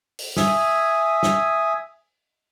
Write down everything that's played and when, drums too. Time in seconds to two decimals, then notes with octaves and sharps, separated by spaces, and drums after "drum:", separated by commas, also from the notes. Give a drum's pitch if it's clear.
0.19 drum: open hi-hat
0.37 E5 G#5 D#6, drum: snare
1.23 drum: snare